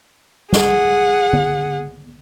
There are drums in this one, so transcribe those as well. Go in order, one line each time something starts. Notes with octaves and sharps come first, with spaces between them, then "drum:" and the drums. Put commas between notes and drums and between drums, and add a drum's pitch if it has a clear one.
G#4 F#5, drum: snare
drum: tom D3